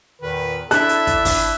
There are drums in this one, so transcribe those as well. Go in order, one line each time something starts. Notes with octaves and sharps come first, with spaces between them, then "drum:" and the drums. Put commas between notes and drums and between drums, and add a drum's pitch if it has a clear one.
E2 A#2 D#3 B4
D4 E4 A4 E5 F#6, drum: hi-hat
drum: hi-hat
drum: kick, hi-hat
drum: kick, open hi-hat